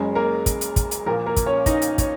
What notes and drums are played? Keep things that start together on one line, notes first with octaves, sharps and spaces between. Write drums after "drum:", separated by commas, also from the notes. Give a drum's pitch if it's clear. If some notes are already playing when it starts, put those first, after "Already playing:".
Already playing: F#1 F#2 C#3 G#3 C#4
A#3 A#4
drum: kick, hi-hat
drum: hi-hat
drum: kick, hi-hat
drum: hi-hat
A#1 A#2 A#3 A#4
A#3 A#4
drum: kick, hi-hat
C#4 C#5
D#4 D#5, drum: kick, hi-hat
drum: hi-hat
C#5, drum: kick, hi-hat